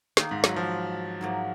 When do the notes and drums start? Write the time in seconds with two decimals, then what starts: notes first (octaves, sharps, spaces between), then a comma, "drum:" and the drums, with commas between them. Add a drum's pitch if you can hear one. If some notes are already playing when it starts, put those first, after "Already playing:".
0.17 D#3 A#3 D#4 A#4, drum: snare
0.31 G#2
0.44 F#3, drum: snare
0.56 F3
1.21 G#2 F#3 A#3